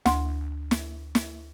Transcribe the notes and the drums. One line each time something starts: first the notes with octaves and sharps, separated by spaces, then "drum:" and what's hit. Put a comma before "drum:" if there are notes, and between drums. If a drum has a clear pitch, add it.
D2 C6, drum: snare
drum: snare
drum: snare